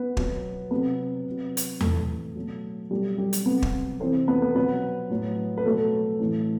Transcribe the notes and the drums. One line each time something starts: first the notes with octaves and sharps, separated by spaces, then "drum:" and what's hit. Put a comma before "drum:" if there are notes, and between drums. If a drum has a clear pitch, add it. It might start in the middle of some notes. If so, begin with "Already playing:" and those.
Already playing: B3 B4
B2 F#3, drum: kick
C3 F#3 B3 B4
C3 F#3
drum: hi-hat
A2 E3 A3 A4, drum: tom E2
B2 F#3
B2 F#3 G3 G4
G3 G4
drum: hi-hat
C3 F#3 B3 B4
drum: kick
C3 E3 C4 C5
B3 B4
B3 B4
B2 F#3 B3 B4
A2 F#3
B4
B2 F#3 A3 A4
A2 E3